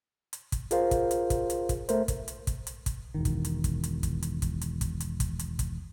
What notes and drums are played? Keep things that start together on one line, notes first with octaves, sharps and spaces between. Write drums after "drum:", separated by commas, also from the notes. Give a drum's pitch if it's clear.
drum: hi-hat
drum: kick, hi-hat
F4 G#4 A#4 C5 F5, drum: hi-hat
drum: kick, hi-hat
drum: hi-hat
drum: kick, hi-hat
drum: hi-hat
drum: kick, hi-hat
A3 A#4 C5, drum: hi-hat
drum: kick, hi-hat
drum: hi-hat
drum: kick, hi-hat
drum: hi-hat
drum: kick, hi-hat
E1 A#1 D#3
drum: kick, hi-hat
drum: hi-hat
drum: kick, hi-hat
drum: hi-hat
drum: kick, hi-hat
drum: hi-hat
drum: kick, hi-hat
drum: hi-hat
drum: kick, hi-hat
drum: hi-hat
drum: kick, hi-hat
drum: hi-hat
drum: kick, hi-hat